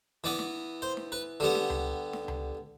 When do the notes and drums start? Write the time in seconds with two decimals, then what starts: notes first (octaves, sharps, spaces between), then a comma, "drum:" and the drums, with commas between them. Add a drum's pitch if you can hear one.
0.24 E3 B3 D5
0.39 drum: snare
0.82 C5
0.97 drum: snare
1.12 B4
1.40 D3 G3 B3
1.55 drum: snare
1.70 drum: tom C#2
2.13 drum: snare
2.28 drum: tom C#2